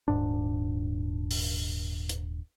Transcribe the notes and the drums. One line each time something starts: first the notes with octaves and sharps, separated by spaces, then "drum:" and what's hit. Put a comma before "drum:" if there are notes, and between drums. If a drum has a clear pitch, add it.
D#1 G#2 D4
drum: open hi-hat
drum: hi-hat